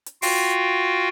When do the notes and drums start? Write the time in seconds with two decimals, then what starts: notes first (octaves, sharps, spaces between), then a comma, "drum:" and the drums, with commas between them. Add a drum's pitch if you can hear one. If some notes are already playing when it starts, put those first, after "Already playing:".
0.06 drum: hi-hat
0.22 F4 F#4 F5 G5, drum: open hi-hat